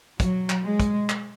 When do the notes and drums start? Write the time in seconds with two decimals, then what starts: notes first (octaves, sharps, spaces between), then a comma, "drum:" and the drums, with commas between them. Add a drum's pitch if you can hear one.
0.20 F#3, drum: kick, hi-hat
0.50 drum: clap
0.64 G#3
0.80 drum: kick, hi-hat
1.09 drum: clap